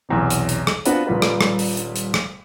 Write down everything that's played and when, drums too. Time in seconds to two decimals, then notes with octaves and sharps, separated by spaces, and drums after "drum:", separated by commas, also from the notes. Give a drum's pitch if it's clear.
0.09 B1 E2 C3
0.30 drum: hi-hat
0.49 drum: hi-hat
0.67 drum: rim click
0.86 B3 C4 D4 F4 F#4 B4, drum: hi-hat
1.07 D#1 A#2 G3 B4
1.22 drum: rim click
1.41 drum: rim click
1.59 drum: open hi-hat
1.77 drum: hi-hat
1.96 drum: hi-hat
2.14 drum: rim click